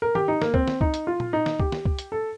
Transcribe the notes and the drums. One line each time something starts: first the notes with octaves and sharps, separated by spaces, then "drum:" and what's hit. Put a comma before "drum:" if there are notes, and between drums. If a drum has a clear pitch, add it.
A#4
G4, drum: tom D#3
D#4
A#3, drum: snare
C4, drum: kick
drum: snare
D#4, drum: kick
drum: hi-hat
F4
drum: tom A#2
D#4
drum: snare
G4, drum: kick
drum: snare
drum: kick
drum: hi-hat
A4